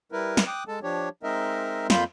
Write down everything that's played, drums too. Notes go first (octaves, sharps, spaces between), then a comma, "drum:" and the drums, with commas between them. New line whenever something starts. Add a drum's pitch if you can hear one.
G3 E4 A#4 B4
drum: snare
G5 D6 D#6 F#6
G#3 A4 A5
F3 D4 G4 C#5
G#3 C4 D#4 A#4 D#5 E5
F2 A#3 F4 B5 C6 G6, drum: snare